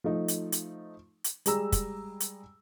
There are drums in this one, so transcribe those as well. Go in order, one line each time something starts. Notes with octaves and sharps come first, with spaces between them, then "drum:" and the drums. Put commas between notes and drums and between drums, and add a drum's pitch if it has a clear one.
F3 A3 D#4
drum: hi-hat
drum: hi-hat
drum: hi-hat
G3 G#3 G#4 A#5 E6, drum: hi-hat
drum: kick, hi-hat
drum: hi-hat